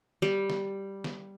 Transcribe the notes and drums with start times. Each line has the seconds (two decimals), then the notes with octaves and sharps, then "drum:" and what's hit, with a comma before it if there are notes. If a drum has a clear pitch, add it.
0.22 G3, drum: snare
0.50 drum: snare
1.04 drum: snare